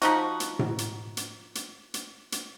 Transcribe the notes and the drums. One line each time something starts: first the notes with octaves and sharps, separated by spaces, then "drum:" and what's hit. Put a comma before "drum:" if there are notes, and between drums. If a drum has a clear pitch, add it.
F3 D#4 F#4, drum: hi-hat
drum: hi-hat
drum: tom A2
drum: hi-hat
drum: hi-hat
drum: hi-hat
drum: hi-hat
drum: hi-hat